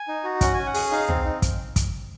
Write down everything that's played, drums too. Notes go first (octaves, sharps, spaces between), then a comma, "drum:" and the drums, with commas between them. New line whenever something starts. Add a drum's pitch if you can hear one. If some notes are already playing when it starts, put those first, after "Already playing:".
Already playing: G#5
D#4
F#4
C#4 F#5, drum: kick, hi-hat
C#4 G#5
F#5
G#4, drum: open hi-hat
D#4 F5
C4, drum: tom
D#4
drum: kick, hi-hat
drum: kick, hi-hat